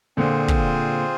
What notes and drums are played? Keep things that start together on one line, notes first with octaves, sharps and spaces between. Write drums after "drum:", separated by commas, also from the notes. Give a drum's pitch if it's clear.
A#2 D3 C4 F4 G#4 C5
drum: kick